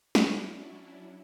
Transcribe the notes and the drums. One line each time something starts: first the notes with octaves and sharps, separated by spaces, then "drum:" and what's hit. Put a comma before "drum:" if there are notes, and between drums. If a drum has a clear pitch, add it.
F#3 C#4 D4 E4, drum: snare